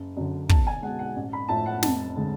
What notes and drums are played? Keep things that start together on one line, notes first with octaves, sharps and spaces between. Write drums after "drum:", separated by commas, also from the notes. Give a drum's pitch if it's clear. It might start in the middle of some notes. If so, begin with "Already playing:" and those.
Already playing: F#1
F#2 D3
B1 A5, drum: kick
G#5
B2 G#3 F#5
F#5
A1
B5
A2 F3 A3 A5
F#5
F1 A5, drum: snare
D3 G#3